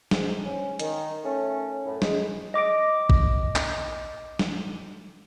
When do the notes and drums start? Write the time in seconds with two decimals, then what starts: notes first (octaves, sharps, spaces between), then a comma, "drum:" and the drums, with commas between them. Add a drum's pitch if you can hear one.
0.11 G#2, drum: snare
0.43 C#4
0.79 D#3, drum: hi-hat
1.24 A3 C#4
1.85 F#2 A2
2.02 G#3, drum: snare
2.54 D#5 D6 A#6 D7
3.10 drum: kick A1
3.56 drum: clap
4.39 drum: snare